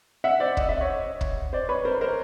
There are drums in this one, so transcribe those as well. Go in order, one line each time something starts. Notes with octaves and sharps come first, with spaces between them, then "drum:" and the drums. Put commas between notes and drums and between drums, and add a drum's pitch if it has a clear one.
E5 F#5
C5 D5
D#5, drum: kick
E5
C#5 D#5
drum: kick
C5 D5
B4 C#5
A#4 C5
A#4 C5